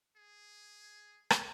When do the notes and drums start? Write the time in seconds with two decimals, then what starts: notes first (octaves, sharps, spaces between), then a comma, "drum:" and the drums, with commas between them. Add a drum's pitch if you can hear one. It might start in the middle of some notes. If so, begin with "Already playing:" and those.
0.17 G#4
1.30 drum: rim click